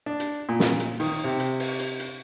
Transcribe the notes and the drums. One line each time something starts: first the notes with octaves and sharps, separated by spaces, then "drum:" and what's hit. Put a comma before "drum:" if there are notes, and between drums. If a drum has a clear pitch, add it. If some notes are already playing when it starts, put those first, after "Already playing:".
D4
drum: hi-hat
A#2
drum: snare
drum: hi-hat
D#3, drum: open hi-hat
C3
drum: hi-hat
drum: open hi-hat
drum: hi-hat
drum: hi-hat